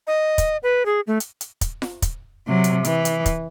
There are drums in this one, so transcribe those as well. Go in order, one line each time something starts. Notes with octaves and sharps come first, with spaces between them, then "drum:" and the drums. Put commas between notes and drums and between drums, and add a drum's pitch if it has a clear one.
D#5
drum: kick, hi-hat
B4
G#4
A3
drum: hi-hat
drum: hi-hat
drum: kick, hi-hat
drum: snare F4
drum: kick, hi-hat
C3 F#3
drum: hi-hat
E3, drum: hi-hat
drum: hi-hat
drum: kick, hi-hat